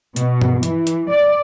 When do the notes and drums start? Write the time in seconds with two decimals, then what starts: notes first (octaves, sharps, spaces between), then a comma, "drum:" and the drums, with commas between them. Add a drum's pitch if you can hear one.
0.16 B2, drum: hi-hat
0.42 drum: tom G2
0.63 E3, drum: hi-hat
0.87 drum: hi-hat
1.09 D5